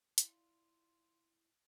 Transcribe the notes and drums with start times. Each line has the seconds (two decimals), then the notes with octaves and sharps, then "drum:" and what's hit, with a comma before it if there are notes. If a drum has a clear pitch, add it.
0.18 E4 F4 D5 F5, drum: hi-hat